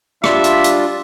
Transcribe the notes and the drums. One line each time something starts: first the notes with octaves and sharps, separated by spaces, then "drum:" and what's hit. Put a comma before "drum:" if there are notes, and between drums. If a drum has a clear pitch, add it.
G3 D4 F4 E5, drum: rim click
drum: hi-hat
drum: hi-hat